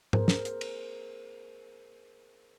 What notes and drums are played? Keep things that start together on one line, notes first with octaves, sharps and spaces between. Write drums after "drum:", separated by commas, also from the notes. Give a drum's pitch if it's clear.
G#4 A#4 C5, drum: tom G#2
drum: snare
drum: hi-hat
drum: cymbal